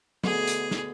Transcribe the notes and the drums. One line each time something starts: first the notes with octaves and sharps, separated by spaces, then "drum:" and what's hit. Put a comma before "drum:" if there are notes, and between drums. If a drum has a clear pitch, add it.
B2 D3 A3 G#4, drum: tom
drum: hi-hat
drum: snare